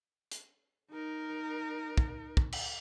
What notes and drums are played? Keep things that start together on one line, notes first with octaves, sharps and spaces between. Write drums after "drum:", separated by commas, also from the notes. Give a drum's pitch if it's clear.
drum: hi-hat
D#4 A#4
drum: kick
drum: kick
drum: cymbal